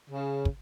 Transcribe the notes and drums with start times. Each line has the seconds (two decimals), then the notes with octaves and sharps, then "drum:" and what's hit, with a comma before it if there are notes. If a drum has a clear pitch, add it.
0.10 C#3
0.45 drum: kick